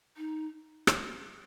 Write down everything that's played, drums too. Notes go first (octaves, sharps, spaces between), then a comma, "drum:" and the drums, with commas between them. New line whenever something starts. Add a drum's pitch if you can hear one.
D#4
drum: rim click